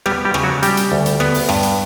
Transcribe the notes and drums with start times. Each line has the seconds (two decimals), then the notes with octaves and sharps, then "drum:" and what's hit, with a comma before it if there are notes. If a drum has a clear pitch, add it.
0.06 G3 B3 G4, drum: rim click
0.25 G3 G4
0.34 C#3, drum: rim click
0.43 F#3 F#4
0.62 G3 G4, drum: hi-hat
0.77 drum: hi-hat
0.92 D2
1.06 drum: hi-hat
1.20 B3, drum: rim click
1.34 drum: open hi-hat
1.49 G2, drum: rim click
1.63 drum: hi-hat